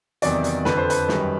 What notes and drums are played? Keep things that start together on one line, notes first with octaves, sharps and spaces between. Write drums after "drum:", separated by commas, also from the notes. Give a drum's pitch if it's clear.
E2 C3 D#3 F#3 D5, drum: hi-hat
drum: hi-hat
F2 D3 F3 B4, drum: snare
C5
B4, drum: hi-hat
F#2 D#3 G3, drum: snare